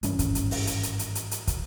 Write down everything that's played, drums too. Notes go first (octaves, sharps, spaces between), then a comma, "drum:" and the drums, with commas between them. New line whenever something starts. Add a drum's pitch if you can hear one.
G#1 G2 E3 C#4, drum: hi-hat
drum: kick, hi-hat
drum: hi-hat
drum: open hi-hat
drum: hi-hat
drum: hi-hat
drum: hi-hat
drum: hi-hat
drum: hi-hat
drum: kick, hi-hat